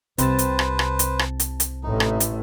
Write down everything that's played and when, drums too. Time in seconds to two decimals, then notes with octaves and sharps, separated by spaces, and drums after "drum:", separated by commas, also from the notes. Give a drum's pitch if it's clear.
0.18 C2 C3 C4 B4 C5 A5, drum: hi-hat
0.39 drum: hi-hat
0.59 drum: rim click
0.79 drum: rim click
0.99 drum: hi-hat
1.19 drum: rim click
1.40 drum: hi-hat
1.60 drum: hi-hat
1.83 A1 A2 D#4
2.00 drum: rim click
2.20 drum: hi-hat